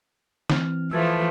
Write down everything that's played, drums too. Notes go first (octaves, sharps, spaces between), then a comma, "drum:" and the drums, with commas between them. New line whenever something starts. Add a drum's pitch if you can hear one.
E3 C4 F6, drum: snare
E3 F3 A3 E6 G#6 A6